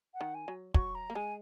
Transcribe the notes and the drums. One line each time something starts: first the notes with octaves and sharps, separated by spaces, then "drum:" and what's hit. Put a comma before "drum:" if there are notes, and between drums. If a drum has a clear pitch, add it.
F#5
D#3
G#5
F#3
F#3 C#6, drum: kick
A#5
A#3
G#3 G#5